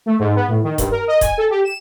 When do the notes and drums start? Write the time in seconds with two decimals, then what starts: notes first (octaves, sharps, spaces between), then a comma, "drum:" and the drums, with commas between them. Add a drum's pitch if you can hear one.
0.06 A3
0.19 G#2
0.35 B3
0.48 A2
0.64 D#3
0.78 G2, drum: kick D#1, hi-hat
0.91 A#4
1.08 D#5
1.21 G#5, drum: kick D#1, hi-hat
1.38 A4
1.50 G4
1.64 E7